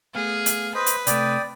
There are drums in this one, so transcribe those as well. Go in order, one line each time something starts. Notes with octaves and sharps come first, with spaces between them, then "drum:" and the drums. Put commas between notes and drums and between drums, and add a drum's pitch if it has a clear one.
A3 B3 G#4 F5
drum: hi-hat
B4 C5 D#5
drum: hi-hat
C3 A3 D5 G5 D#6, drum: hi-hat